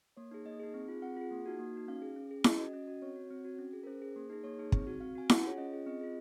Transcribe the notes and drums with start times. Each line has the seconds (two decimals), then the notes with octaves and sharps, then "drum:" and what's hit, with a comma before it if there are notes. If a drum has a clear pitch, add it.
0.17 A#3 C#5
0.31 D#4 G#4
0.45 A#3 D#5
0.59 D#4 G#4
0.74 C4
0.88 F4 G#4
1.02 C4 F#5
1.17 F4 G#4
1.31 A#3
1.46 D#4 F#4
1.59 A#3
1.73 D#4 F#4
1.88 C#4 F5
2.02 G#4
2.16 C#4
2.31 G#4
2.44 C#4 D#5, drum: snare E4
2.59 F#4 D#5
2.73 C#4 D#5
2.87 F#4
3.02 C4 C#5
3.16 F#4
3.30 C4
3.45 F#4
3.58 C#4
3.73 G#4
3.83 A#4
3.87 C#4 C5
4.02 G#4
4.16 A#3
4.30 D#4 G#4
4.44 A#3 C#5
4.59 D#4 G#4
4.72 C4, drum: kick
4.87 F#4
5.00 C4 F5
5.15 F#4 G#5
5.30 C#4 F#5, drum: snare E4
5.44 F4 G#4 C#5
5.58 C#4 D#5
5.72 F4 G#4
5.86 C4 D#5
6.01 F4 G#4